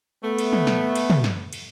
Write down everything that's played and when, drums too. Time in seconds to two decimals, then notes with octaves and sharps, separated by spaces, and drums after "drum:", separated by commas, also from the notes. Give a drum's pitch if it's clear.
0.24 A3 B3
0.38 drum: cymbal
0.53 drum: tom
0.67 drum: snare
0.96 drum: cymbal
1.10 drum: tom
1.24 drum: snare
1.53 drum: cymbal